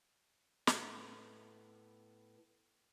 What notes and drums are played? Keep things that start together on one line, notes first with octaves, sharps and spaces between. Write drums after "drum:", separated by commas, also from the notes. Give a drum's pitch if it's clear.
A2 B3, drum: snare